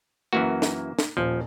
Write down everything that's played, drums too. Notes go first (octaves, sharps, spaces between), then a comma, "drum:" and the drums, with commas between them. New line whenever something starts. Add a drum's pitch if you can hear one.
F#2 E3 A#3 F#4
drum: snare
drum: snare
D#1 F3